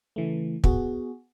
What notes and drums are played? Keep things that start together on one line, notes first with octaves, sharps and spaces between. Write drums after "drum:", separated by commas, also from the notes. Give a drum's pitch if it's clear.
C#3 E3 A3
B3 F#4 G#4, drum: kick